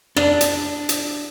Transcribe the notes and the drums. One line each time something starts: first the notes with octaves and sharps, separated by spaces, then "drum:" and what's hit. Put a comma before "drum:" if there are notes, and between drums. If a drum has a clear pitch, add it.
D4, drum: rim click
drum: hi-hat
drum: hi-hat